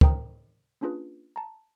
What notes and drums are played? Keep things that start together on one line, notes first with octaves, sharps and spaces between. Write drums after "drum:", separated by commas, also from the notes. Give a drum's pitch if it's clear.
A#4 C5 G5 A#5 D#6, drum: kick
A#3 C#4 D4 F4 G#4 B4
A5 A#5